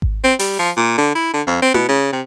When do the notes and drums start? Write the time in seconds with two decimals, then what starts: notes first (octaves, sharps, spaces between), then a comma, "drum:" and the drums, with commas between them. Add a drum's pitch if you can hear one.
0.02 drum: kick G#1
0.24 C4
0.39 G3, drum: open hi-hat
0.59 F3
0.77 A#2
0.98 D3
1.15 E4
1.34 D3
1.47 F2
1.62 C4
1.74 B2, drum: tom E4
1.89 C#3
2.13 C3